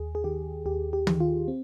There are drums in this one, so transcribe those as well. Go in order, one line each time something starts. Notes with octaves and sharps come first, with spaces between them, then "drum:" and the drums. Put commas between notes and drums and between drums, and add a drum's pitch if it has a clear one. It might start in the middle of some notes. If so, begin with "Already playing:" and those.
Already playing: D#2 G#4
G#4
D#3 G4
D#2 G4
G4
D#3, drum: tom
F4
C4